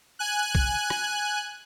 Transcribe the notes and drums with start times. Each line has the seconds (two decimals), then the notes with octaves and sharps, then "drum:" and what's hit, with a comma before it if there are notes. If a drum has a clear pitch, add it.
0.19 G#5 F#6
0.55 drum: kick B1
0.90 drum: rim click